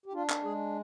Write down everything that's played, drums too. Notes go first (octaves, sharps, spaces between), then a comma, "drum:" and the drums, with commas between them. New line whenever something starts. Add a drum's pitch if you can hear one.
G4
D4 F4
drum: clap
G#3 G#4